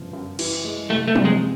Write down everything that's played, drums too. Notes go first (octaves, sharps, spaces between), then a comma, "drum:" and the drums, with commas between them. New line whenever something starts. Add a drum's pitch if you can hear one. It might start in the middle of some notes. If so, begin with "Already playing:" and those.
Already playing: G1 C#3 F3
F#2
E3, drum: cymbal
G#3
C2 A3
A3
C3, drum: tom
G#3